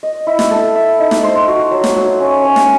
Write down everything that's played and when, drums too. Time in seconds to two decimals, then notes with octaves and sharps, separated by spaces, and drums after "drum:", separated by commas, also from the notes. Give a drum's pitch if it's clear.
0.03 D#5
0.27 E4
0.39 drum: snare
0.51 A4
0.75 E5
0.99 D#4
1.11 drum: snare
1.24 C5
1.48 F#4
1.71 F#3
1.84 drum: snare
1.96 F#3
2.20 C#4
2.44 C#4
2.56 drum: snare